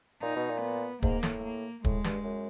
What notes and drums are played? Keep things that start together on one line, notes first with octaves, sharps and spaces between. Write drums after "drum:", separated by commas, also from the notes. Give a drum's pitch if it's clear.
A#2 D#4
B2
A#2
B3
G#2 A#3, drum: kick
A2, drum: snare
A#3
A2 G#3, drum: kick
G2, drum: snare
F#2